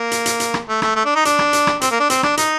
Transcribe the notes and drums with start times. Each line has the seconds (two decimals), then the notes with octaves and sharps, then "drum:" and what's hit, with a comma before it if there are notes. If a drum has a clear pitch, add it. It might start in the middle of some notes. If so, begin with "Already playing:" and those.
Already playing: A#3
0.11 drum: hi-hat
0.26 drum: hi-hat
0.40 drum: hi-hat
0.54 drum: rim click
0.68 A3
0.82 A3, drum: rim click
0.96 A3
1.05 D4
1.15 D#4
1.25 D4, drum: hi-hat
1.39 drum: rim click
1.53 drum: hi-hat
1.67 drum: rim click
1.81 C4, drum: hi-hat
1.91 A#3
2.00 D4
2.10 C4, drum: hi-hat
2.23 D4, drum: rim click
2.37 D#4, drum: hi-hat